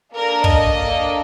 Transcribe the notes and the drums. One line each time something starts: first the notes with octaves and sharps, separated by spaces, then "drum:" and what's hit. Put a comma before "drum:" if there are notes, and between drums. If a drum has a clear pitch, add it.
A#3 D4 A4 A#4
D#5, drum: kick
A#3 D4 A4